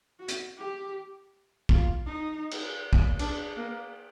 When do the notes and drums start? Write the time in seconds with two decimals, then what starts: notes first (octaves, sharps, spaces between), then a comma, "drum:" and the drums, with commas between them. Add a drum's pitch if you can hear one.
0.19 F#4
0.28 drum: hi-hat
0.57 G4
1.69 F4, drum: kick
2.06 D#4
2.51 drum: cymbal
2.93 drum: kick
3.19 D4, drum: cymbal
3.56 A#3